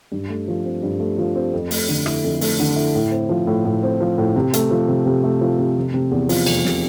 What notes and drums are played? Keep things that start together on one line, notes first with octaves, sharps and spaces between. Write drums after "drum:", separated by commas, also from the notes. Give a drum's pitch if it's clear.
G2
A3
F3
C4
G2
A3
F3
C4
F2
A3, drum: open hi-hat
D3
E4, drum: rim click
F2
A3, drum: open hi-hat
D3
E4
A2
C4
F3
A2
A2
C4
F3
A2
C3
A3, drum: hi-hat
F3
C3
C3
A3
F3
C3
F1
C3
E2
F3, drum: open hi-hat
F1, drum: cymbal
C3, drum: snare